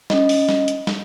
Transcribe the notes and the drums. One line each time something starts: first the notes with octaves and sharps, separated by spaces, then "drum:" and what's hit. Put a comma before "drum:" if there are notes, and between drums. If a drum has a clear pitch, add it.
C#4 D#5, drum: snare
drum: open hi-hat
drum: snare
drum: hi-hat
drum: snare